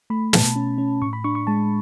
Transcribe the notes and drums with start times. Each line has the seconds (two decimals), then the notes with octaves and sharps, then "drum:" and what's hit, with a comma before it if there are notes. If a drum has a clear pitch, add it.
0.10 A3 B5
0.33 B2 A5, drum: snare
0.56 C#4
0.78 C#4
1.02 A2 C#6
1.13 B5
1.24 D4 C#6
1.35 C#6
1.47 G#3 A5